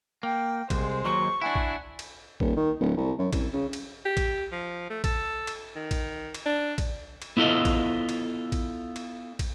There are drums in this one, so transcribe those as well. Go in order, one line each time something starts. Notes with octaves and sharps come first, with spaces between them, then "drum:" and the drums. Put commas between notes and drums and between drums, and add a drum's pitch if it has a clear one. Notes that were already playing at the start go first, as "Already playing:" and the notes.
A#3 G5
C2 G#3 C5, drum: kick, cymbal
D#2 F#3 C#6
D4 E4 F#5 G#5
drum: kick
drum: cymbal
D#1, drum: kick
D#3
D1
C2
F#2
C2, drum: kick, cymbal
C#3
drum: cymbal
G4
drum: kick, cymbal
F3
A3
A4, drum: kick, cymbal
drum: cymbal
D#3
drum: kick, cymbal
drum: cymbal
D4
drum: kick, cymbal
drum: cymbal
B3 E4 F4 A4 D#5
drum: kick, cymbal
drum: cymbal
drum: kick, cymbal
drum: cymbal
drum: kick, cymbal